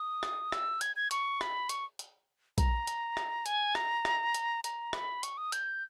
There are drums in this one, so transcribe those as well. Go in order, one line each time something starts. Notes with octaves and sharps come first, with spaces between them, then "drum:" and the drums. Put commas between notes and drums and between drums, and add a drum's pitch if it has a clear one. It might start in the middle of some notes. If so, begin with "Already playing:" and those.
Already playing: D#6
drum: rim click
E6, drum: rim click
G#6, drum: hi-hat
G#6
C#6, drum: hi-hat
B5, drum: rim click
C#6, drum: hi-hat
drum: hi-hat
A#5, drum: kick A#1, hi-hat
drum: hi-hat
drum: rim click
G#5, drum: hi-hat
A#5, drum: rim click
drum: rim click
drum: hi-hat
A#5, drum: hi-hat
B5, drum: rim click
C#6, drum: hi-hat
D#6
G6, drum: hi-hat